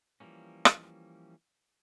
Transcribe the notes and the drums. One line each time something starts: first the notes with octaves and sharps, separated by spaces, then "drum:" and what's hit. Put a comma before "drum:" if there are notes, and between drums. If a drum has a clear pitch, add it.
E3 F3 G3 A#3 C#4
drum: rim click